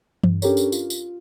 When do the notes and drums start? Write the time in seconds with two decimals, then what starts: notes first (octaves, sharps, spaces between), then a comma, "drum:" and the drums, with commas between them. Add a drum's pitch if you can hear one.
0.24 G2, drum: tom E3
0.42 C#4 D4 G4 A4 A#4 C#5, drum: tambourine
0.57 drum: tambourine
0.72 F4, drum: tambourine
0.90 drum: tambourine